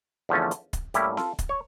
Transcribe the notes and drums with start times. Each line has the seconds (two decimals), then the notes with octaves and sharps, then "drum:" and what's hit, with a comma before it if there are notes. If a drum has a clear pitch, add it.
0.29 E2 D3 F3 A3 C#4
0.51 drum: hi-hat
0.73 drum: kick, hi-hat
0.94 A2 G3 A#3 C#4 E4 G4, drum: hi-hat
1.17 F4 A4, drum: snare C4
1.39 drum: kick, hi-hat
1.49 C#5